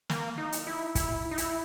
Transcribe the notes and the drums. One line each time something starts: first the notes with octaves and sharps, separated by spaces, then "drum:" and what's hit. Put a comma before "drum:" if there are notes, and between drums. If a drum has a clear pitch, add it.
A#3, drum: snare
D#4
drum: hi-hat
E4
E4, drum: kick, hi-hat
D#4
E4, drum: hi-hat